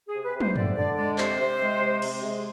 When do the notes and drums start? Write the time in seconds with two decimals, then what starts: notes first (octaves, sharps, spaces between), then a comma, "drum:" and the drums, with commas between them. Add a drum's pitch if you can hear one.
0.09 C3 G#4
0.24 B4
0.35 C3
0.40 C5, drum: tom
0.56 D3 D5, drum: tom F#2
0.77 D3 D5
0.98 G#3 D5
1.18 C3 C5, drum: clap
1.40 C3
1.61 G#3
1.81 C3
2.02 C3, drum: cymbal
2.23 G#3